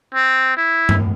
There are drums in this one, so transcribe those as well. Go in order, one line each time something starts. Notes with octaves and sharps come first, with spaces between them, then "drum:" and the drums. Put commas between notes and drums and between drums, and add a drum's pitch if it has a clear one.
C4
E4
drum: tom G2